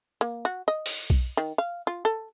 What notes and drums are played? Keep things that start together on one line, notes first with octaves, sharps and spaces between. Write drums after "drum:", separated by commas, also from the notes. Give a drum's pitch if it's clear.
A#3
F#4
D#5
drum: open hi-hat
drum: kick B1
D#3
F5
F4
A4